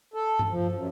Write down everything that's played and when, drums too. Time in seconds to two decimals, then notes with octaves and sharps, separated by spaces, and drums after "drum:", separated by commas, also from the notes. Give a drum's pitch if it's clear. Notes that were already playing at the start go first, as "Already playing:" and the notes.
0.14 A4
0.39 drum: tom G2
0.49 F3
0.72 F#2